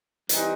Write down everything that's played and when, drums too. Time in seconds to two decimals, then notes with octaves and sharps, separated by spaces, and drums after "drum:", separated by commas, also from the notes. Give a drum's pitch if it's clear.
0.29 E3 G3 C4 D#4, drum: hi-hat